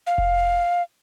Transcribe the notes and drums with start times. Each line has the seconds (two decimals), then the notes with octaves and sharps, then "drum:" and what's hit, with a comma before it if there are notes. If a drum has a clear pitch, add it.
0.07 F5
0.18 drum: kick F1